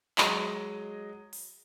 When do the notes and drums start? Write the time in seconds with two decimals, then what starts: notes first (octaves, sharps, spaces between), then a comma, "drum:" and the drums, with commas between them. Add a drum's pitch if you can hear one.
0.18 F#3 G#3 D#5, drum: clap
1.33 drum: open hi-hat